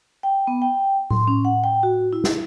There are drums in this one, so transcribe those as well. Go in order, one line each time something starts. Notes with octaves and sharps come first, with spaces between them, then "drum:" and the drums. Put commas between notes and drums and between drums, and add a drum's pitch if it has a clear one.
G5
B3
G5
C6, drum: tom A2
C#4
F#5
G5
F#4
E4
drum: snare